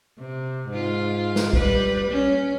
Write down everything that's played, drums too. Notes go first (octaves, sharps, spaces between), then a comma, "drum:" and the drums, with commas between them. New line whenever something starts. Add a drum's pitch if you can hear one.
C3
G#2 F4
drum: snare
G3 B4, drum: kick
C#4